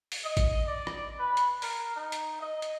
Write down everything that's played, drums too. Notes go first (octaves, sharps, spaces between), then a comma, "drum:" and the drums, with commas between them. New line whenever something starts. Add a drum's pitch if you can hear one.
drum: open hi-hat
D#5
drum: kick A1, hi-hat
D5
drum: rim click
B4
drum: hi-hat
A#4, drum: open hi-hat
D#4
drum: hi-hat
D#5
drum: hi-hat